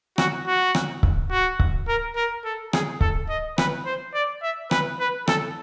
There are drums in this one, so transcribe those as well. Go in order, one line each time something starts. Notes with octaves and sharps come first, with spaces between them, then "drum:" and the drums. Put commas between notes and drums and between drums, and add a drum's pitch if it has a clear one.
F#4, drum: rim click
F#4
drum: rim click
drum: kick C#1
F#4
drum: kick C#1
A#4
A#4
A4
G#4, drum: rim click
A4, drum: kick C#1
D#5
B4, drum: rim click
C5
D5
E5
B4, drum: rim click
B4
A4, drum: rim click